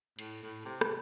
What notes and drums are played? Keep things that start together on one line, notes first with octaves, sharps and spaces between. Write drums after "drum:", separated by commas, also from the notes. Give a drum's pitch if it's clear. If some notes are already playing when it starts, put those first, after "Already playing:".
A2, drum: cymbal
A2
C3
drum: rim click